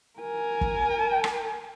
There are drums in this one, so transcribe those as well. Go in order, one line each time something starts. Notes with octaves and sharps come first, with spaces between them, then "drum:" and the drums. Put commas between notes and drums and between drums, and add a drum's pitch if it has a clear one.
A#4 G#5
drum: kick
drum: rim click